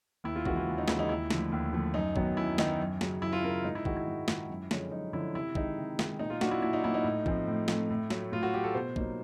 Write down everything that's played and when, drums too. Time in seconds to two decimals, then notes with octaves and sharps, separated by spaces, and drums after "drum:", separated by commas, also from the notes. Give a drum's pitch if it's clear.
0.24 D#2 E4
0.36 F4
0.45 C#3 E3 G#3 F#4, drum: kick
0.56 F4
0.67 D#2
0.78 D#4
0.88 C#3 E3 G#3 E4, drum: snare
0.99 D#4
1.09 D#2 E4
1.30 D3 F3 A3, drum: snare
1.52 D#2
1.73 D3 F3 A3
1.94 F#2 D#4
2.16 D#3 F#3 B3 D#4, drum: kick
2.37 F#2 E4
2.58 D#3 F#3 B3 D#4, drum: snare
2.79 F#2
3.01 C#3 F#3, drum: snare
3.22 F#2 E4
3.33 F4
3.43 C#3 F#3 A#4
3.64 G#2 D#4
3.75 E4
3.85 D#3 G#3 F#4, drum: kick
3.97 E4
4.08 G#2
4.28 D#3 G#3, drum: snare
4.49 F#2
4.71 D3 F3 G#3 C#4, drum: snare
4.92 F#2 D#4
5.13 D3 F3 G#3 C#4 E4
5.35 C3 E4
5.55 D#3 G#3 D#4, drum: kick
5.78 C3
5.99 D#3 G#3, drum: snare
6.19 A#2 D#4
6.30 F4
6.41 F#3 A#3 D4 F#4, drum: snare
6.51 E4
6.62 A#2 E4
6.73 D#4
6.84 F#3 A#3 D4 E4
6.94 D#4
7.04 A2
7.26 F3 A3 C4, drum: kick
7.47 A2
7.68 F3 A3 C4, drum: snare
7.90 A2
8.10 F#3 A3, drum: snare
8.32 A2 F4
8.43 F#4
8.54 F#3 A3 G4
8.64 A4
8.75 B2 C5
8.96 F#3 A#3 D#4, drum: kick